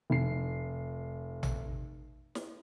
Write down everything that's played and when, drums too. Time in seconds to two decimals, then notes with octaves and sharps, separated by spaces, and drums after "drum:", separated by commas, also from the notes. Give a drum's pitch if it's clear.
0.10 F1 C7
1.43 drum: tom A1
2.35 drum: snare